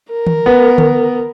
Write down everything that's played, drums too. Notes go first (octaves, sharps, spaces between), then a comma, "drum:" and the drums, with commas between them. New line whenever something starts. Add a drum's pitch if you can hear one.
A#4
drum: tom D#3
B3
drum: tom D3